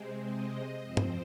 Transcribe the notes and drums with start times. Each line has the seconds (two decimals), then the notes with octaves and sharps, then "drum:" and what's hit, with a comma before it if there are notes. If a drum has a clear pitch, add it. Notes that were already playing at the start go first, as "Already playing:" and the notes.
Already playing: C3 G#3 C4
0.23 D#5
0.84 F2 F3 C4 C5
0.97 drum: tom G2